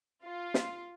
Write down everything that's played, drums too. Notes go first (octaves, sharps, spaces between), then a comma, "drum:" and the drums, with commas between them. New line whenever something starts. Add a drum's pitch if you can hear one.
F4
drum: snare